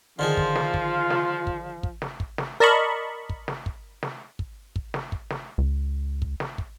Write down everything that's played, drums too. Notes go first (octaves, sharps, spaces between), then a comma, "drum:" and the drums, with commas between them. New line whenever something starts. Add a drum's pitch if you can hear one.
D3 D#3 F3 F4 G#4
drum: kick
drum: snare
drum: kick
drum: snare
drum: kick
drum: kick
drum: snare
drum: kick
drum: snare
A#4 D5 D#5 A5 B5 C#6
drum: kick
drum: snare
drum: kick
drum: snare
drum: kick
drum: kick
drum: snare
drum: kick
drum: snare
C#2
drum: kick
drum: snare
drum: kick